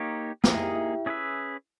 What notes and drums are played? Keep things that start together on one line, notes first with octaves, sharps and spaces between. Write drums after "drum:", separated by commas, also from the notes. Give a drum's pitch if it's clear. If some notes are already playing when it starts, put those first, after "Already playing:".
Already playing: A#3 D#4 G4 C#5
A#3 D#4 G4 G#4 G5, drum: snare
E4 E5
G4 G5
E4 E5
C#4 G#4 B4 E5